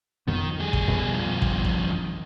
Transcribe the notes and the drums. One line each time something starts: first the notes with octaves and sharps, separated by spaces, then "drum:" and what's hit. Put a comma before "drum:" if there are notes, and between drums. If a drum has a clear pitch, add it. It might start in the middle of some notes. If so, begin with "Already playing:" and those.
F2 D#3 B3
G3 G#4
drum: kick
F2 B2 D#3
G2 F3
drum: kick
drum: kick
D#3